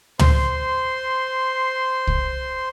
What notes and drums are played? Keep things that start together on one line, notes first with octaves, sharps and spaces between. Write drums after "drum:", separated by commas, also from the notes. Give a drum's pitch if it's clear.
C5 C6, drum: tom
drum: kick C2